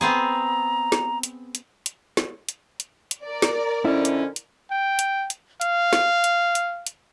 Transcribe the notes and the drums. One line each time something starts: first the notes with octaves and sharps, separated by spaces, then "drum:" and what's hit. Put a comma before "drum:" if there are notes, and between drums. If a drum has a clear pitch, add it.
B3 C4 G#4 A#5
drum: snare
drum: hi-hat
drum: hi-hat
drum: hi-hat
drum: snare
drum: hi-hat
drum: hi-hat
drum: hi-hat
A#4 D5
drum: snare
F2 D3 C#4 E4
drum: hi-hat
drum: hi-hat
G5
drum: hi-hat
drum: hi-hat
F5, drum: hi-hat
drum: snare
drum: hi-hat
drum: hi-hat
drum: hi-hat